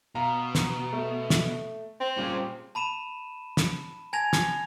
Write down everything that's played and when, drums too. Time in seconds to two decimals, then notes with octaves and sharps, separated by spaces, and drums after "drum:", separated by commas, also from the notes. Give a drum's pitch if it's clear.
0.15 B2 F5 A#5
0.55 drum: snare
0.93 A3
1.30 drum: snare
2.01 C4
2.17 A#2 G3 G#3 C#4
2.75 A5 B5 D#7 E7
3.57 drum: snare
4.13 G#5 A5 G#6 A#6 F7
4.33 drum: snare